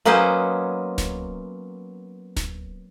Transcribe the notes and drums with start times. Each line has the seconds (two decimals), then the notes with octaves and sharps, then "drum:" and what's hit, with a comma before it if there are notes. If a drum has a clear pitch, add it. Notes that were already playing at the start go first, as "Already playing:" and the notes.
0.05 F#3 A#3 B3 C#4 C5 D#5
0.98 drum: snare D1
2.37 drum: snare D1